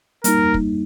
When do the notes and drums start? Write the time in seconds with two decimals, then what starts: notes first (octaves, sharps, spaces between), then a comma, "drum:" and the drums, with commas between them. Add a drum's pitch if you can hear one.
0.24 G3 A#3 D#4 A#4, drum: hi-hat
0.54 drum: kick